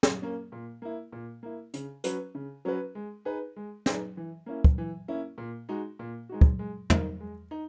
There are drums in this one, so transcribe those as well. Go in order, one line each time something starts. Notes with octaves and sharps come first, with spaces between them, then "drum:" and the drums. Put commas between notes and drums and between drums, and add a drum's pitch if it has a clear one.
drum: snare
A#3 C#4
A#2
A#3 E4
A#2
A#3 E4
C#3, drum: hi-hat
F#3 C#4 F#4 B4, drum: hi-hat
C#3
F#3 C#4 F#4 B4
G#3
D#4 G#4 B4
G#3
D#4 G#4 B4, drum: snare
E3
A#3 C#4 E4
drum: kick
E3
A#3 C#4 E4
A#2
G#3 D#4 F#4
A#2
G#3 D#4 F#4
drum: kick
G#3
D#4 A#4, drum: tom E2
G#3
D#4